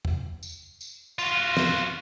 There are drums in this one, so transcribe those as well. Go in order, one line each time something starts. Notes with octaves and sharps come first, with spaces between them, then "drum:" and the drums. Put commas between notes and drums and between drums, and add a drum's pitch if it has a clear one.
drum: tom
drum: tambourine
drum: tambourine
F4 F#4, drum: tambourine
drum: snare